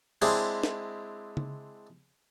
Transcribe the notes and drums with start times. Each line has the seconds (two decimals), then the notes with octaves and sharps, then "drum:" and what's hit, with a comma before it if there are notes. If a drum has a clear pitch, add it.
0.22 G#3 C4 D4 E4 G#4, drum: cymbal
0.64 drum: snare
1.37 drum: tom C#3